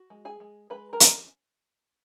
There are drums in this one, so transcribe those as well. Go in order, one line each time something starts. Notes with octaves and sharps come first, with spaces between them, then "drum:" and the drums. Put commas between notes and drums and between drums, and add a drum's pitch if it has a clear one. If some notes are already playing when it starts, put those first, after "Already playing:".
Already playing: F#4
G#3
G#4 G#5
G#3
G#3 B4 B5
A#4 A#5
C#4, drum: hi-hat